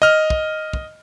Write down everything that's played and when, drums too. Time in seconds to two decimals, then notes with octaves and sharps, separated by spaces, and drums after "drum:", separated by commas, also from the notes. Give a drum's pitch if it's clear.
0.02 D#5 F6
0.30 drum: kick
0.73 drum: kick